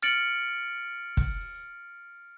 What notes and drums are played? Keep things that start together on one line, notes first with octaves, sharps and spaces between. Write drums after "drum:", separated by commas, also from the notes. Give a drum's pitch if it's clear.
F6 A6 C#7 D7 F#7
drum: kick